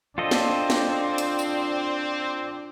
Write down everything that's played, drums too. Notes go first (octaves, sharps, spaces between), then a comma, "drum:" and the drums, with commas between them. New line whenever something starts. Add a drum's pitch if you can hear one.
C4 D4 F4 A4 D#5
drum: snare
drum: snare
drum: hi-hat
drum: tambourine